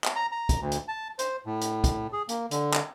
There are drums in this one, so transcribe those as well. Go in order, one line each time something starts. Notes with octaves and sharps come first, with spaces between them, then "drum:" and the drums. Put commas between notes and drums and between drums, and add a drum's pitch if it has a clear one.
drum: clap
A#5
A#5
drum: kick B1, hi-hat
D2
drum: hi-hat
A5
C5, drum: hi-hat
A2
drum: hi-hat
drum: kick B1, hi-hat
G#4
A#3, drum: hi-hat
D3, drum: hi-hat
drum: clap